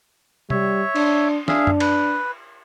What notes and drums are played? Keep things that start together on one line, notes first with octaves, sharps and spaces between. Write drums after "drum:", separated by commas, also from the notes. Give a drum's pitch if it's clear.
G3 C#5 E5, drum: tom C3
D4, drum: cymbal
D4 G#4 E5 F5, drum: snare
drum: tom F#2
B4, drum: cymbal